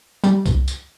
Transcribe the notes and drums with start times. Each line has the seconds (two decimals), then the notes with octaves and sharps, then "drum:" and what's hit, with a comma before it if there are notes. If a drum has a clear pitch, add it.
0.24 G3, drum: tambourine
0.46 drum: kick C2, tambourine
0.68 drum: tambourine